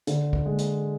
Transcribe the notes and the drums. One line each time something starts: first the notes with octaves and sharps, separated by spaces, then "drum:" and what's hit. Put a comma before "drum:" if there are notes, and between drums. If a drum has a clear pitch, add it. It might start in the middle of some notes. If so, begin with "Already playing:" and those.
D3, drum: hi-hat
drum: kick
G#3
drum: hi-hat